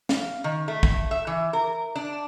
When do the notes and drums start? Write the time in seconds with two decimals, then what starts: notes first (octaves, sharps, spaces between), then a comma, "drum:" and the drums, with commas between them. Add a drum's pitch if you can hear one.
0.09 F5, drum: snare
0.44 D#3
0.68 A3
0.83 drum: kick
1.11 E5
1.27 E3
1.53 A#4
1.95 D4